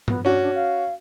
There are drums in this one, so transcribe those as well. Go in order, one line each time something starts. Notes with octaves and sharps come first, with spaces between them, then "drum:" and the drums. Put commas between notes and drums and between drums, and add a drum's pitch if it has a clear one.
B3, drum: tom G2
C#4 D4 F#4
D4
F5